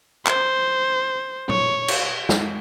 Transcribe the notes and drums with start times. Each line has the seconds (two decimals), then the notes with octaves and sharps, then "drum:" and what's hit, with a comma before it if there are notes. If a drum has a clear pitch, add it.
0.27 C5, drum: clap
1.49 C#5, drum: tom
1.88 drum: cymbal
2.29 drum: snare